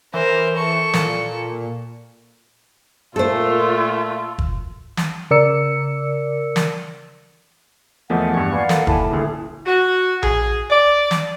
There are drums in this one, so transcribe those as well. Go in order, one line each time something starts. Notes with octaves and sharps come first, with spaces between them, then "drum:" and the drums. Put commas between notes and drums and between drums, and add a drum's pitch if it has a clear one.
E3 A#4 C5
A4 C#6
A#2, drum: snare
A#2 A3 F4 A4 C5
drum: kick
drum: snare
C#3 A#4 D5 E6 C#7
drum: snare
E2 F3 A3 F4 A#4 D#5 F#5
E2 G2 G#5 C#6
A#2 B4 D5 F5 F#5
A4 A#4, drum: snare
D#2 E4 A4 G#5 A5 B5, drum: kick
D#1 D2 G#4
F#4
G#4, drum: tom A#1
D5
drum: snare